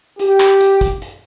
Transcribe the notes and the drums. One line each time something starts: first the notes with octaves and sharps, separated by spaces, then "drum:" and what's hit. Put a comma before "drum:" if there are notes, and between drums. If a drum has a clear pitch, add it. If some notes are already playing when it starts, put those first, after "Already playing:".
G4, drum: hi-hat
drum: clap
drum: hi-hat
drum: kick, hi-hat
drum: hi-hat